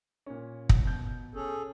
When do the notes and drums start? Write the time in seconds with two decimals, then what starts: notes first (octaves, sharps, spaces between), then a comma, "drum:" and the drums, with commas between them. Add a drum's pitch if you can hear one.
0.26 A#2 C#4
0.69 drum: kick
0.85 B2 G6
1.34 C#4 G#4 A4